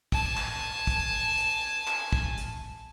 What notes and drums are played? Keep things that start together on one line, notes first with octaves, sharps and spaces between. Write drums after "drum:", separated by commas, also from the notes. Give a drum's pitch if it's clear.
G#5 A5, drum: kick
drum: clap
drum: kick, hi-hat
drum: hi-hat
drum: clap
drum: kick
drum: hi-hat